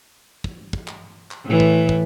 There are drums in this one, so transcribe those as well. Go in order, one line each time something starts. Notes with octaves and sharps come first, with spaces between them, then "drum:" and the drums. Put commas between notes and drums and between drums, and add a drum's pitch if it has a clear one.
drum: kick
drum: kick
drum: clap
drum: clap
A2 E3
drum: kick
drum: kick